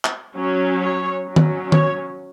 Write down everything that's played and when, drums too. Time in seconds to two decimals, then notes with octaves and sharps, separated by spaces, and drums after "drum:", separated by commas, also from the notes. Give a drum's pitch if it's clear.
0.05 drum: clap
0.36 F#3 C#4
0.81 C#5
1.27 F#3 C#4
1.36 drum: tom D#3
1.72 C#5, drum: tom D#3